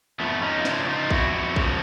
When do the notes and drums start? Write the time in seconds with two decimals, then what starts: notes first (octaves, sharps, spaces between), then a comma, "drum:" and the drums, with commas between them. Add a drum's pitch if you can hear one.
0.20 F2 A3 B3
0.42 C#4 D#4
0.60 F4
0.65 C#3 F3 D4 E4, drum: snare
0.88 D#4 F4
1.10 F2 E4 F#4, drum: kick A1
1.56 C#3 F3, drum: kick A1